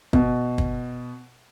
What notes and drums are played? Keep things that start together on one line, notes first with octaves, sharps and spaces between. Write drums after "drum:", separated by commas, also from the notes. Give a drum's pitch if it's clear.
B2, drum: kick
drum: kick